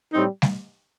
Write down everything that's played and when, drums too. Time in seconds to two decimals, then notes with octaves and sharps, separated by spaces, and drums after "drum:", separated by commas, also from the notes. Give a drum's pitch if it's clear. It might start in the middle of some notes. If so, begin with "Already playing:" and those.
0.14 A2 G3 C4 D#4
0.42 drum: snare G3